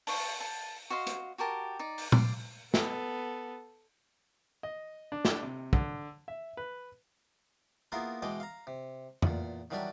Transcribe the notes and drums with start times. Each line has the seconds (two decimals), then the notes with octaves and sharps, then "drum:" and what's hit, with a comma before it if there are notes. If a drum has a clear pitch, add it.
0.07 A5 C#6, drum: open hi-hat
0.40 A5
0.90 F#4 D#5 F5 C6
1.07 drum: hi-hat
1.38 F#4 G4 A#4 A5
1.79 D#4 D5
1.98 drum: open hi-hat
2.12 D5 F5, drum: tom A#2
2.74 B3 A4, drum: snare
4.63 D#5
5.12 D4
5.25 drum: snare
5.43 C3
5.73 D3, drum: kick
6.28 E5
6.57 B4
7.92 A#3 B3 E4 F4 G#4 A#4
8.22 B2 E3 G#3 D#5 G5 D6
8.40 F5 A#5
8.67 C3
9.22 E2 A#2, drum: tom
9.71 D#3 E3 F#3 G3 D4 G4